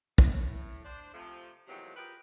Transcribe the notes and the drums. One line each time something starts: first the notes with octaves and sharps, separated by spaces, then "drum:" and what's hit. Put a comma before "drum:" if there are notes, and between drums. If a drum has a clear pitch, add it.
A2, drum: kick
D4 C5
C3 F3 A3
E2 G#2 C3 D#3 F3 F#3
F4 G4 G#4 A#4 B4